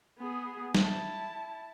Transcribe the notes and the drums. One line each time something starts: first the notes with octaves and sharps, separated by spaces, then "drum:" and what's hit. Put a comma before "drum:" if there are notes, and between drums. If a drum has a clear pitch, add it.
B3 G#4
E4 A5, drum: snare